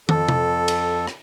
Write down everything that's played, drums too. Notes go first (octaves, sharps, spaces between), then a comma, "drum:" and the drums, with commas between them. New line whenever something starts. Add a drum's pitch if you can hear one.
F2 A4, drum: tom
drum: tom C3
drum: cymbal
drum: rim click